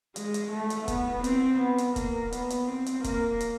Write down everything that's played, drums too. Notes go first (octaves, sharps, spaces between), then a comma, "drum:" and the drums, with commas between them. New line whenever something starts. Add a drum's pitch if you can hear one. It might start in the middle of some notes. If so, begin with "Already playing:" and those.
G#3, drum: hi-hat
drum: hi-hat
A3
drum: hi-hat
B3, drum: kick, hi-hat
C4, drum: hi-hat
B3
drum: hi-hat
A#3, drum: kick, hi-hat
B3, drum: hi-hat
drum: hi-hat
C4
drum: hi-hat
A#3, drum: kick, hi-hat
drum: hi-hat